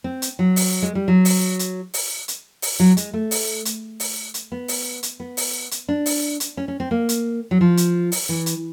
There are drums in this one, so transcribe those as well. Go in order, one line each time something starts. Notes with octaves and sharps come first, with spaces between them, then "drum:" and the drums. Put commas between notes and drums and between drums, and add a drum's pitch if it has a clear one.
C4
drum: hi-hat
F#3
drum: open hi-hat
G#3
G3
F#3
drum: open hi-hat
drum: hi-hat
drum: open hi-hat
drum: hi-hat
drum: open hi-hat
F#3
G#3, drum: hi-hat
A3
drum: open hi-hat
drum: hi-hat
drum: open hi-hat
drum: hi-hat
B3
drum: open hi-hat
drum: hi-hat
B3
drum: open hi-hat
drum: hi-hat
D4
drum: open hi-hat
drum: hi-hat
C#4
C#4
C4
A#3
drum: hi-hat
F#3
F3
drum: hi-hat
drum: open hi-hat
E3
drum: hi-hat